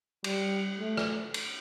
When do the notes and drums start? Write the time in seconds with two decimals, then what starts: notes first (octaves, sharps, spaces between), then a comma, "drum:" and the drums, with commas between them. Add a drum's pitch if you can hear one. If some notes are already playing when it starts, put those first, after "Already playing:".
0.24 G3, drum: cymbal
0.79 A3
0.97 drum: rim click
1.34 drum: cymbal